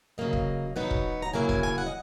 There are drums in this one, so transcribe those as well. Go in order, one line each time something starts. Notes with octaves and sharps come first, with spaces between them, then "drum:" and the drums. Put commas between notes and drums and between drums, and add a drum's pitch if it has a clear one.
C#3 F#3 A#3 D#5
drum: kick E1
C#3 F#3 B3 D#4 F#5
drum: kick E1
A#5
C#3 F#3 A#3 E4 G#5
G#5, drum: kick E1
G#5
F#5
D#5